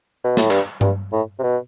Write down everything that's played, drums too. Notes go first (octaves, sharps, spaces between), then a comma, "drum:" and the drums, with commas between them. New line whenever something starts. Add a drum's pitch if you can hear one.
B2
A2, drum: snare
G2, drum: clap
G2, drum: tom G2
A2
C3
B2